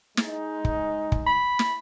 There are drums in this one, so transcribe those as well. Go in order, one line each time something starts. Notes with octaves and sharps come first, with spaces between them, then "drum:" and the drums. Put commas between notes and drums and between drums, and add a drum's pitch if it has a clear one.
G#3 D#4, drum: snare
drum: kick
drum: kick
B5
drum: snare